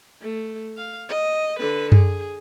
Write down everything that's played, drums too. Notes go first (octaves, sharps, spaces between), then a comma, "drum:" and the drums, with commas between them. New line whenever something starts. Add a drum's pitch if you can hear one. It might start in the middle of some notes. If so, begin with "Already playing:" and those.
A3
F5
D#5
D3 B4
G#4, drum: tom F#2